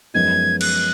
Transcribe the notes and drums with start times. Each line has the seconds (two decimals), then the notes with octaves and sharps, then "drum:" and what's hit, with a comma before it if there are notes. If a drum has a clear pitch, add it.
0.14 F#2 F3 G#3 B3 D#4 G#6
0.61 F#6, drum: cymbal